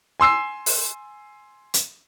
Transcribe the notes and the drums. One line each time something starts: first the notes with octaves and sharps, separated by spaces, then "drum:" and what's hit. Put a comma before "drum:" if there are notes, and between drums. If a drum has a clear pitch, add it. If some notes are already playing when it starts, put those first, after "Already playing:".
G#5 C6 E6 C7
drum: open hi-hat
drum: hi-hat